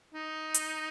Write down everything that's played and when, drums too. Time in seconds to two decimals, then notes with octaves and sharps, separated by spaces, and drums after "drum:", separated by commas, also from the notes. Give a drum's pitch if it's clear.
0.14 D#4
0.54 drum: hi-hat